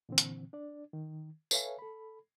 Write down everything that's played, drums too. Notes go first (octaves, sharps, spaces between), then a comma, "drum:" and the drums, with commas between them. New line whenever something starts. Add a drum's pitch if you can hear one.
A#2 D3 E3 C4
drum: hi-hat
D4 D5
D#3
A4 B4 C#5 E5 F5 G#5, drum: tambourine
A4 B5